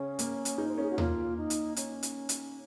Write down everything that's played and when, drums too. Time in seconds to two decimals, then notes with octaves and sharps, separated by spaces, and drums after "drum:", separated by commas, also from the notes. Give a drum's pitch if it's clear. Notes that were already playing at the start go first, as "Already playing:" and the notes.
Already playing: C#3 C#4
0.19 A#3, drum: hi-hat
0.45 drum: hi-hat
0.58 D#4
0.68 C5
0.75 C#4 A#4
0.83 G#4
0.91 F#4
0.98 A#3 F4, drum: tom D#2
1.37 D#4
1.50 drum: hi-hat
1.76 C#4, drum: hi-hat
2.03 drum: hi-hat
2.29 drum: hi-hat